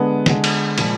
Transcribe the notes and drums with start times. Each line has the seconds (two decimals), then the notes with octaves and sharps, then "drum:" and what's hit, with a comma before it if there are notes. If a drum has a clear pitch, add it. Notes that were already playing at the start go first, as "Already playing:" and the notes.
Already playing: D3 G#3 B3
0.26 D3 G#3, drum: snare
0.44 drum: cymbal
0.78 A#2 F3 G#3, drum: cymbal